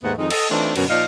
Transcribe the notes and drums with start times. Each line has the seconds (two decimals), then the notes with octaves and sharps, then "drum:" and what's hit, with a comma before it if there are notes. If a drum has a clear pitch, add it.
0.02 D#2 G#2 A3 B3 F#5
0.18 F2 D#3 G#3 D#4
0.30 A4 D#5, drum: cymbal
0.50 E3 A3 C4 D4 D#4 F4
0.76 F#2 B2 D3, drum: cymbal
0.89 A#2 F3 D#4 D5 F5